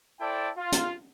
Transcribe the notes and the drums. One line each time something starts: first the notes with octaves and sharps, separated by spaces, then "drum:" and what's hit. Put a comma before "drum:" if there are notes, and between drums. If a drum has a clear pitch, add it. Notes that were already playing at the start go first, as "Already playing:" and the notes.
E4 A4 C5 D5 G5 A5
F4
drum: hi-hat